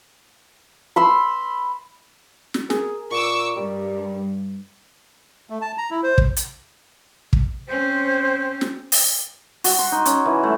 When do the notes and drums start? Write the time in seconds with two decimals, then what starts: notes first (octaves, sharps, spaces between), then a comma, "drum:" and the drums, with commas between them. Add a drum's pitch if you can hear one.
0.96 B5 C6 E6
2.54 drum: snare
2.70 G#4 A#4, drum: snare
3.11 A#2 C#6 D6 E6
3.56 G2 G3
5.50 A3
5.62 A5
5.78 A#5
5.91 E4
6.03 C5
6.18 drum: kick
6.37 drum: hi-hat
7.33 drum: kick
7.68 C4 C#4 C5
8.61 drum: snare
8.92 drum: open hi-hat
9.64 F#4, drum: open hi-hat
9.79 C6
9.92 D#4
10.05 C#4, drum: hi-hat
10.26 E3
10.43 A3